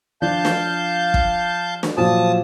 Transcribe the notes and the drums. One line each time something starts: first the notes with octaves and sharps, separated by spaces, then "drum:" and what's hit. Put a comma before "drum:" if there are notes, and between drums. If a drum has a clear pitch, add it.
F3 D4 F5 A5 G6
drum: snare
drum: kick
drum: snare
A#2 F3 F#3 A5 D#6